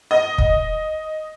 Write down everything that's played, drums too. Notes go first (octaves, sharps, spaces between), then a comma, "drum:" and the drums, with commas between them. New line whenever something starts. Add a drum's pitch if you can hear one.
D#5
drum: kick